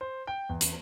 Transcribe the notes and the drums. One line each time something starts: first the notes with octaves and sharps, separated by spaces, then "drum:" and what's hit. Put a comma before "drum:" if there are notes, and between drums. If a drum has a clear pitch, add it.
C5
G5
E2
drum: hi-hat